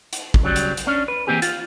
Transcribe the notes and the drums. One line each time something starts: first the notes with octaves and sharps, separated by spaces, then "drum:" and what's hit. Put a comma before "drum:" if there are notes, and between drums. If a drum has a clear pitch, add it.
drum: hi-hat
drum: kick G#1
C#3 F#3 G3
drum: hi-hat
drum: hi-hat
C#4 D4
B4
E3 F#3 A#3 C4 G4 G#4
F4, drum: hi-hat